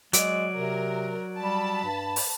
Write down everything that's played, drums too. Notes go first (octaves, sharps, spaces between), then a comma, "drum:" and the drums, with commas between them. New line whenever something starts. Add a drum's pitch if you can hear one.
F#3 G#3 D5, drum: hi-hat
C3 A#4
G3 A5 B5
G2
drum: open hi-hat